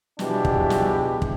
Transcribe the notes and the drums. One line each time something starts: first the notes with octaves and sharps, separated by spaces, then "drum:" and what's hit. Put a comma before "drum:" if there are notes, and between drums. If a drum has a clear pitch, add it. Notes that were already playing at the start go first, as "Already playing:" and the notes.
B2 E3 F3 G#3 D4 G4, drum: snare
drum: kick
drum: snare
drum: kick